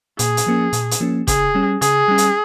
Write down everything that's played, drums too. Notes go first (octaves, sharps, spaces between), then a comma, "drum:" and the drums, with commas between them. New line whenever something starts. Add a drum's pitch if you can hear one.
A#2 G#4, drum: hi-hat
drum: hi-hat
F3 A#3 C#4
A#2, drum: hi-hat
drum: hi-hat
F3 A#3 C#4
C#3 G#4, drum: kick, hi-hat
G3 C#4
C#3 G#4, drum: hi-hat
G3 C#4
drum: hi-hat